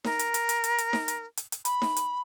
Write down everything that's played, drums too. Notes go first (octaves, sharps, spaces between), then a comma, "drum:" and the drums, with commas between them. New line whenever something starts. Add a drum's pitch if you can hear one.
A#4, drum: snare D#4
drum: hi-hat
drum: hi-hat
drum: hi-hat
drum: hi-hat
drum: hi-hat
drum: snare D#4
drum: hi-hat
drum: hi-hat
drum: hi-hat
B5, drum: hi-hat
drum: snare D#4
drum: hi-hat